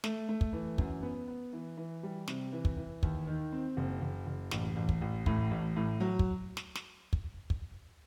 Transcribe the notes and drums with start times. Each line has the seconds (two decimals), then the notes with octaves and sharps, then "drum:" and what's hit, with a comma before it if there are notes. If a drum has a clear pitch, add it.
0.04 A3, drum: snare
0.29 A3
0.41 drum: kick
0.53 E3
0.78 F#2, drum: kick
1.03 B3
1.28 B3
1.53 E3
1.77 E3
2.03 G3
2.28 C3, drum: snare
2.53 E3
2.65 drum: kick
2.77 E3
3.03 D#2, drum: kick
3.27 D#3
3.52 C4
3.77 F#1
4.02 F#1
4.27 F#1
4.51 A1, drum: snare
4.76 A1
4.89 drum: kick
5.01 A1
5.26 A2, drum: kick
5.51 A1
5.76 A2
6.00 F#3
6.19 drum: kick
6.57 drum: snare
6.75 drum: snare
7.13 drum: kick
7.50 drum: kick